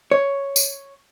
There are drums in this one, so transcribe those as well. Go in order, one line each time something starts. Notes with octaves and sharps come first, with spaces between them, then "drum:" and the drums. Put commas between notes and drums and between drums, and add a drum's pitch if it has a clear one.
C#5
drum: tambourine